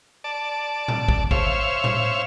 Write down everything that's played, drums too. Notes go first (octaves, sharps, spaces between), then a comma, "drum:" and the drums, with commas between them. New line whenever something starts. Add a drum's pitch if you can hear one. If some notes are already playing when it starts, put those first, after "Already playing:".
D5 A5
drum: tom A2
drum: kick
C5 C#5 E5 F5, drum: kick
drum: tom A2